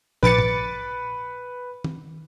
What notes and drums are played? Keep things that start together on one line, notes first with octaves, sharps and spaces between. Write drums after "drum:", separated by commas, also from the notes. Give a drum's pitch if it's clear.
A#1 B4 D6 A6 C#7, drum: kick
drum: tom
drum: tom